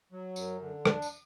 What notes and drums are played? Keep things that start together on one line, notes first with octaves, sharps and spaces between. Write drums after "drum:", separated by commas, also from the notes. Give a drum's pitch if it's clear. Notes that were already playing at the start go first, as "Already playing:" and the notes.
F#3
F#2, drum: tambourine
D3
D4, drum: rim click
drum: tambourine